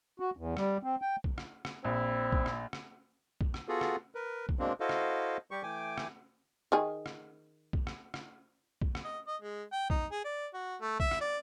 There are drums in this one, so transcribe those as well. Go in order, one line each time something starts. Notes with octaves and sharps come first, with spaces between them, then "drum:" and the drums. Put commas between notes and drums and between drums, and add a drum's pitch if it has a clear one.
F#4
E2
G3, drum: rim click
C4
G5
drum: kick
drum: rim click
drum: rim click
A#1 C4 E4
drum: kick
drum: rim click
drum: rim click
drum: kick
drum: rim click
B3 F4 F#4 G#4 A4
drum: rim click
A#4 B4
drum: kick
B2 G#3 A#3 C4 D4
E4 F#4 A4 C5 D#5 F5
drum: rim click
G3 G4 C#6
E3 A3 G5 G#5 D6
drum: rim click
D#3 G#4
drum: rim click
drum: kick
drum: rim click
drum: rim click
drum: kick
drum: rim click
D#5
D#5
G#3
G5
D#4, drum: kick
G#4
D5
F#4
A3
E5, drum: kick
drum: rim click
D5